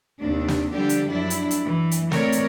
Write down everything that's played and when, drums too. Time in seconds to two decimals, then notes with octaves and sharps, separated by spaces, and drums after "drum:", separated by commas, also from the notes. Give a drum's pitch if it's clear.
0.21 D#2 C3 D4
0.48 drum: snare
0.74 D3 F3 G3 D4 G4
0.89 drum: hi-hat
1.10 F#2 D4 E4
1.30 drum: hi-hat
1.51 drum: hi-hat
1.66 E3
1.91 drum: hi-hat
2.12 E3 A3 C4 A#4 C#5 D5, drum: snare
2.32 drum: hi-hat